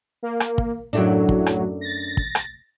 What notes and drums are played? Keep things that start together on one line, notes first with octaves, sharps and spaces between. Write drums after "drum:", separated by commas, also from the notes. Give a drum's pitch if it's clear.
A#3
drum: rim click
drum: kick
F#2 A2 F#3 A3 D4
drum: kick
drum: rim click
A6 A#6
drum: kick
drum: rim click